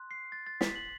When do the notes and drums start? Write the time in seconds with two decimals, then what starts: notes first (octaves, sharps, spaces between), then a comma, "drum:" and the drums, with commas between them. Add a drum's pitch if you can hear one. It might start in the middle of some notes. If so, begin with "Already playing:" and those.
Already playing: C6 F#6
0.11 C7
0.32 A6
0.47 A6
0.61 B6, drum: snare
0.76 F#7